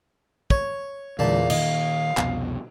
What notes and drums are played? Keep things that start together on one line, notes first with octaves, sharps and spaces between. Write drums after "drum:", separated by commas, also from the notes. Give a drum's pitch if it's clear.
C#5, drum: kick
E2 A#2 D3 G#3 F5 A5
A#2 D#3 D#5, drum: cymbal
C2 F2 B2, drum: clap